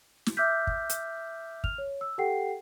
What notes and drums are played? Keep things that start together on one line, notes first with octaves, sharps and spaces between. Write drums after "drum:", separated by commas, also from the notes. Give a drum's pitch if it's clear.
drum: snare
E5 D6 E6 F6 G6 B6
drum: kick
drum: hi-hat
F6 F7, drum: kick
C#5
E6
G4 A4 F#5 G5 C7